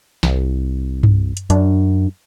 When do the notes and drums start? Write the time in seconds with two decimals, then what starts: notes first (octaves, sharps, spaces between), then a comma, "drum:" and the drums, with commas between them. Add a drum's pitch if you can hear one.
0.23 C2, drum: snare
1.03 drum: tom G2
1.37 drum: hi-hat
1.50 F#2 D4, drum: hi-hat